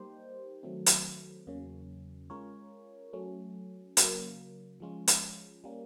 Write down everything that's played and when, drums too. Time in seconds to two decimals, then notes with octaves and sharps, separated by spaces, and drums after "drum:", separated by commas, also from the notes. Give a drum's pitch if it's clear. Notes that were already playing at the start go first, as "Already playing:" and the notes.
Already playing: G3 A#3 D#4 G4 C5
0.63 D#3 F#3 A3 C4
0.86 drum: hi-hat
1.47 E2 C#3 F#3 A#3 C#4
2.30 G#3 C#4 F4 A#4 C#5
3.13 F#3 A3 C#4
3.97 C#3 F#3 A#3, drum: hi-hat
4.80 F3 G#3 C#4 F4
5.08 drum: hi-hat
5.64 G3 A#3 C#4